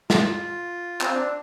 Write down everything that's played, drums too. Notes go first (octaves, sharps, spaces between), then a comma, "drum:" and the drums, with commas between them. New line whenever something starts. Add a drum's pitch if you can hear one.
F4, drum: snare
C4, drum: clap
D4